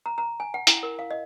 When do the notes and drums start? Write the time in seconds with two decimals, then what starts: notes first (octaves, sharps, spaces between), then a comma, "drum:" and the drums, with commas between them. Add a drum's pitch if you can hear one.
0.06 A#5
0.18 A#5
0.40 G#5
0.54 F#5
0.67 E4, drum: hi-hat
0.83 A#4
0.99 F5
1.11 D#5